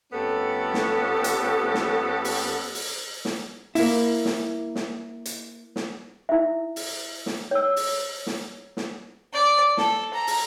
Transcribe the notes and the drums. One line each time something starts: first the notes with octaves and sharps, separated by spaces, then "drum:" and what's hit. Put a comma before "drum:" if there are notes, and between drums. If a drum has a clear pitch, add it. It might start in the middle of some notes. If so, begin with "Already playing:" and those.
F2 A3 B3 C#4 G4 A4
drum: snare
drum: hi-hat
drum: snare
drum: open hi-hat
drum: open hi-hat
drum: snare
A#3 E4, drum: open hi-hat
drum: snare
drum: snare
drum: hi-hat
drum: snare
E4 E5
drum: open hi-hat
drum: snare
C#5 E6
drum: open hi-hat
drum: snare
drum: snare
D5
A4, drum: snare
A#5
drum: open hi-hat